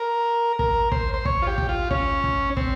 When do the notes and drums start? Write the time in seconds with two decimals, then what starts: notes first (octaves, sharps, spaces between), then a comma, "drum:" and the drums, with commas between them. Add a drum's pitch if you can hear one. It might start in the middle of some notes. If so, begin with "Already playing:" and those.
Already playing: A#4
0.59 A#4, drum: kick
0.92 C5, drum: kick
1.14 C5
1.25 C#5, drum: kick
1.42 F4
1.47 G4
1.58 drum: kick
1.69 F4
1.91 C#4, drum: kick
2.24 drum: kick
2.57 C4, drum: kick